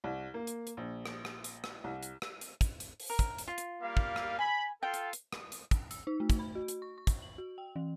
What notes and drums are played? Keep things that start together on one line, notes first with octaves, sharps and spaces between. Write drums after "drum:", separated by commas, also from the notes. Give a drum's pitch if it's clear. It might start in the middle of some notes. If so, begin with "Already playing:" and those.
C2
A#3
drum: hi-hat
drum: hi-hat
A#1
drum: rim click
drum: rim click
drum: hi-hat
drum: rim click
C2
drum: hi-hat
drum: rim click
drum: hi-hat
drum: kick, hi-hat
drum: hi-hat
drum: open hi-hat
A#4
drum: kick, hi-hat
drum: hi-hat
F4
drum: hi-hat
G3 A#3 F5
drum: kick
drum: rim click
G#5 B5
F4 A4 F5 G5
drum: hi-hat
drum: hi-hat
drum: rim click
drum: hi-hat
drum: kick, hi-hat
E6, drum: hi-hat
D#4
A3
drum: kick, hi-hat
B5
F#4
drum: hi-hat
C#6
C#6
drum: kick, hi-hat
F#7
F#4
G5
E3